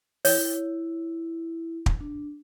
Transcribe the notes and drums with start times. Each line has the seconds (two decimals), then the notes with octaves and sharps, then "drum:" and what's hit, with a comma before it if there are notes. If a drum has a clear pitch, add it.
0.25 E4 C#5, drum: open hi-hat
1.86 drum: kick
2.01 D4